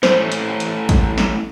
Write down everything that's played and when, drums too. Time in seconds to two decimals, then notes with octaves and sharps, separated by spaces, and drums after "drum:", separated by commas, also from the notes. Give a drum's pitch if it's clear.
0.03 A3 C#4 E4 C5, drum: snare
0.32 drum: hi-hat
0.60 drum: hi-hat
0.89 drum: kick, hi-hat
1.18 drum: snare